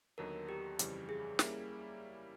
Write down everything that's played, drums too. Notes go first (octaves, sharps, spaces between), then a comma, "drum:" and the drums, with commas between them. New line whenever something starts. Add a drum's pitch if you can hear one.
D#2 D3 F#3 B3 D#4 A#4
G4
F2 C#3 E3 G3, drum: hi-hat
G#4
G3 A#3 C#4 E4, drum: snare